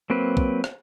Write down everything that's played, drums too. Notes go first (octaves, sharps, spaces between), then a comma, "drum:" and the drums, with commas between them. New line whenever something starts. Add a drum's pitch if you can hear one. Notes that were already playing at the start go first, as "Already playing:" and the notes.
F#3 A#3 C4 B4
drum: kick
drum: rim click